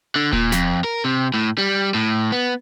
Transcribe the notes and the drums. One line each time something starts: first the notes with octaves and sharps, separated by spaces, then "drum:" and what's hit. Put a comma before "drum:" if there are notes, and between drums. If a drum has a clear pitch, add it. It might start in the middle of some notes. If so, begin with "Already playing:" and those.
D3
A#2, drum: kick D#1
F2, drum: snare
A#4
C3
A2
G3
A2
B3